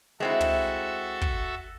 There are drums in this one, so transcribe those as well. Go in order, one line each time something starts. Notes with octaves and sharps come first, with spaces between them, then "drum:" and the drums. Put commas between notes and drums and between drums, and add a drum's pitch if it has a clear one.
G#3 C4 E4 F#4 A4 E5
drum: tom
drum: kick